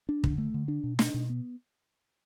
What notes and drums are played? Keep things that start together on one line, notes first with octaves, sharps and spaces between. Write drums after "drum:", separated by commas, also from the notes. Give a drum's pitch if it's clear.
D4
D3, drum: kick
A3
D3
D4
B2
D4, drum: snare
B2
B3